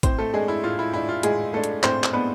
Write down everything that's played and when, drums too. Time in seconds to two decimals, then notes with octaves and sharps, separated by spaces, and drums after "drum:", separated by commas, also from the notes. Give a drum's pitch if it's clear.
0.03 A2 C4 C5, drum: kick A#1, hi-hat
0.18 A3 A4
0.34 G#3 D4 G#4
0.48 E4
0.63 A2 F4
0.79 E4
0.93 G#3 D4 E4
1.09 F4
1.23 A2 G#3 G#4, drum: hi-hat
1.53 G#3 A3 D4 A4
1.64 drum: hi-hat
1.83 A2 C4 C5, drum: clap
2.04 drum: clap
2.13 G#3 B3 D4 B4